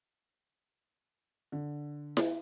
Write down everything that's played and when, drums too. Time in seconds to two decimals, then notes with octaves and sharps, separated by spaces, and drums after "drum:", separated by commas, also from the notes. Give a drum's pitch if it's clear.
1.52 D3
2.17 drum: snare E4